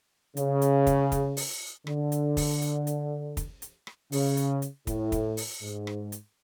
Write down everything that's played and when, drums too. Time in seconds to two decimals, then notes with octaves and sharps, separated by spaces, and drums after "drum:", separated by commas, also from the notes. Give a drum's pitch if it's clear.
0.37 C#3, drum: hi-hat
0.62 drum: hi-hat
0.87 drum: kick, hi-hat
1.12 drum: kick, hi-hat
1.37 drum: open hi-hat
1.87 D3, drum: rim click
2.12 drum: hi-hat
2.37 drum: kick, open hi-hat
2.62 drum: hi-hat
2.87 drum: hi-hat
3.37 drum: kick, hi-hat
3.62 drum: hi-hat
3.87 drum: rim click
4.12 C#3, drum: open hi-hat
4.37 drum: hi-hat
4.62 drum: hi-hat
4.87 A2, drum: kick, hi-hat
5.12 drum: kick, hi-hat
5.37 drum: open hi-hat
5.62 G#2
5.87 drum: rim click
6.12 drum: hi-hat